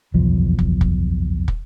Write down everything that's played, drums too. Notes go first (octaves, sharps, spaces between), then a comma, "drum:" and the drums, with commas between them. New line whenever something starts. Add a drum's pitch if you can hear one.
F#1 B1 E2 F3
drum: kick
drum: kick
drum: kick